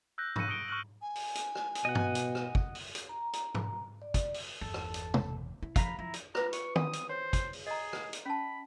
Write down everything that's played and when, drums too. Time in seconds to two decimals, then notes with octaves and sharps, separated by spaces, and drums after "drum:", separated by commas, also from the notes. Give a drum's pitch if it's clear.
0.18 E6 F#6 G6 A#6
0.36 C#6 E6 A#6 C#7 D#7, drum: tom G#2
0.48 D#6 F#6 C#7 D7 G7
0.68 C#6 F6 F#6 F#7
1.02 G#5
1.15 drum: open hi-hat
1.35 drum: hi-hat
1.55 drum: rim click
1.75 drum: hi-hat
1.85 B2 D#5 F#5
1.95 drum: tom G2
2.15 drum: hi-hat
2.35 drum: rim click
2.55 drum: kick
2.75 drum: open hi-hat
2.95 drum: hi-hat
3.09 A#5
3.33 A#5, drum: hi-hat
3.55 drum: tom G#2
4.02 D5
4.14 drum: kick, hi-hat
4.34 drum: open hi-hat
4.61 G1 E2 A4
4.74 drum: rim click
4.94 drum: hi-hat
5.14 drum: tom
5.63 E4
5.76 F3 F5 A#5 B5, drum: kick, hi-hat
5.99 F3 E4 A#5
6.14 drum: hi-hat
6.35 F4 B4 A#5 D6, drum: rim click
6.53 C#6, drum: hi-hat
6.76 D#6, drum: tom
6.93 drum: hi-hat
7.09 C5 C#5
7.33 drum: kick, hi-hat
7.53 drum: open hi-hat
7.67 G#4 D#5 A#5
7.93 drum: rim click
8.13 drum: hi-hat
8.26 C#4 A5 B5